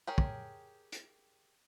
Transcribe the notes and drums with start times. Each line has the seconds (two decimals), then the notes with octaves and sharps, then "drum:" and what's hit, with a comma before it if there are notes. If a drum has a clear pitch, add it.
0.07 G4 G#4 A#4 C#5
0.18 drum: kick
0.92 drum: hi-hat